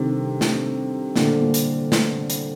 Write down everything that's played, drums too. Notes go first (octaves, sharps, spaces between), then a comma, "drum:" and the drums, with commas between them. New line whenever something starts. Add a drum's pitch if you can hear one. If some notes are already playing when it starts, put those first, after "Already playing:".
Already playing: C3 D#3 G3 D4 A4 C5
G3 D4 A4 C5, drum: snare
A#2 D3 G3 D4 A4 C5, drum: snare
A#2
drum: hi-hat
drum: snare
drum: hi-hat